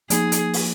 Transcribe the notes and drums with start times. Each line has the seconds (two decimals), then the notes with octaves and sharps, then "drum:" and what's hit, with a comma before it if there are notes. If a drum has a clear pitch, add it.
0.10 F3 A#3 D#4 G#4, drum: hi-hat
0.32 drum: hi-hat
0.53 drum: open hi-hat